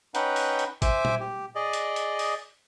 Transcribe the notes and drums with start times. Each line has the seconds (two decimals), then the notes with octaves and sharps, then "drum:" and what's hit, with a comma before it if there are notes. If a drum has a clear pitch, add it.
0.15 C#4 D#4 B4 F#5 G5, drum: hi-hat
0.36 drum: open hi-hat
0.59 drum: hi-hat
0.82 C5 E5 G#5 D6, drum: kick, hi-hat
1.05 drum: tom A#2
1.20 G4
1.55 G#4 D5 D#5
1.73 drum: hi-hat
1.96 drum: hi-hat
2.19 drum: open hi-hat